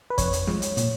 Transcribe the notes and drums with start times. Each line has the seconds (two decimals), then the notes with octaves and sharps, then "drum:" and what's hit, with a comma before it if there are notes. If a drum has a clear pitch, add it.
0.10 B4
0.18 F2 C#5, drum: kick G1, hi-hat
0.33 drum: hi-hat
0.47 F3 G#3, drum: snare
0.62 drum: hi-hat
0.77 A#2, drum: hi-hat